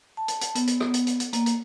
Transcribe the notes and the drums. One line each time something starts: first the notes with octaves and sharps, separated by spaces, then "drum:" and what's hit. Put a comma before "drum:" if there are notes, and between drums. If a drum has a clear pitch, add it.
A5
drum: hi-hat
drum: hi-hat
B3, drum: hi-hat
drum: hi-hat
drum: rim click
drum: hi-hat
drum: hi-hat
drum: hi-hat
A#3, drum: hi-hat
drum: hi-hat